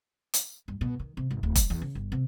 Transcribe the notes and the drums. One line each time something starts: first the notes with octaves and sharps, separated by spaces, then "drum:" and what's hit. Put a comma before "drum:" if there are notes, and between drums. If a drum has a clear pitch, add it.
drum: hi-hat
G2
B2
D#3
C3
G#1
D1
F#3, drum: kick E1, hi-hat
E2
C#3
G1
C3